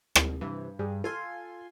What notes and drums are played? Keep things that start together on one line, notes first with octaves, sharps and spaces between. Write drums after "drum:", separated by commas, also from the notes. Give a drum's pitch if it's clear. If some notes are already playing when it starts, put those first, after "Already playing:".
drum: rim click
G2 C3 E3
G2 G#4
F4 A4 G#5 C6